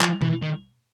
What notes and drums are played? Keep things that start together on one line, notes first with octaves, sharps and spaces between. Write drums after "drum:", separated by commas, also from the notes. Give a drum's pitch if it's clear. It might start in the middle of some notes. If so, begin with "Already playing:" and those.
F3, drum: clap
E3, drum: tom B2
D#3